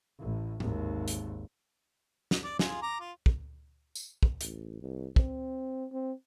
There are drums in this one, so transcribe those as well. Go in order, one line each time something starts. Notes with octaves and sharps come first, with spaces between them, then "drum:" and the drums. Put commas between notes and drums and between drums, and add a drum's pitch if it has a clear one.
A1 A2
G#1 D#2, drum: tom A2
drum: hi-hat
drum: snare
D5
F4 G#4, drum: snare
A#5 D6
F4
drum: kick
drum: tambourine
drum: kick
A1, drum: hi-hat
C2
C4, drum: kick
C4